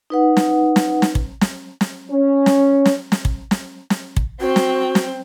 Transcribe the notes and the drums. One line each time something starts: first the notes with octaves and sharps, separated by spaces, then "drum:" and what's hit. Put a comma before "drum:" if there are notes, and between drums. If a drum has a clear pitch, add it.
D#4 B4 F#5
drum: snare
drum: snare
drum: snare
drum: kick
drum: snare
drum: snare
C#4
drum: snare
drum: snare
drum: snare
drum: kick
drum: snare
drum: snare
drum: kick
C4 F#4 G5
drum: snare
drum: snare